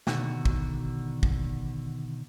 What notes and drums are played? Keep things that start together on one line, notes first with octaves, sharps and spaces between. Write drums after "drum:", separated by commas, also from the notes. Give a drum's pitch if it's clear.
B2 D3 D#3 F#4, drum: snare
drum: kick
drum: kick